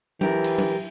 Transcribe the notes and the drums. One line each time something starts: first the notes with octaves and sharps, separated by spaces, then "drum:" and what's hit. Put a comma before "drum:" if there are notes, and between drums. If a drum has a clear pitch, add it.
E3 G4 A#4, drum: tom F#3
drum: cymbal
drum: tom F#3